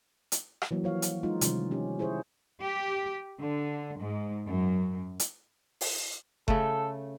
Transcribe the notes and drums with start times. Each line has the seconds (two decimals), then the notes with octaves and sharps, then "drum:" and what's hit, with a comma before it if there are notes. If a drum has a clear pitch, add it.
0.32 drum: hi-hat
0.62 drum: rim click
0.71 E3 F#3 A#3
0.84 F3 C#5 F5
1.02 drum: hi-hat
1.23 G#3 D#4 F4
1.41 C3 D#3 F3 G3 C#4, drum: hi-hat
1.71 C#4 G4
1.99 E4 G#4 C5 C#5
2.62 G4
3.40 D3
4.00 G#2
4.47 F#2
5.20 drum: hi-hat
5.81 drum: open hi-hat
6.48 C#3 A3 A4, drum: kick F#1